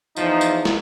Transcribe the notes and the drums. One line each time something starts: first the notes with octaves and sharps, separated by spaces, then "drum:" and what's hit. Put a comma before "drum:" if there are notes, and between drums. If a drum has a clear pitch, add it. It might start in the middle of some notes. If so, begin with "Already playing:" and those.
E2 F3 D#4, drum: tambourine
drum: tambourine
drum: snare